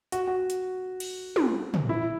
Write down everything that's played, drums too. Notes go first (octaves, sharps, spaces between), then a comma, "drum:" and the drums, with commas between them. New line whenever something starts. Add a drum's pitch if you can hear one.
F#4, drum: hi-hat
F#4
drum: hi-hat
drum: cymbal
drum: tom
drum: tom
E4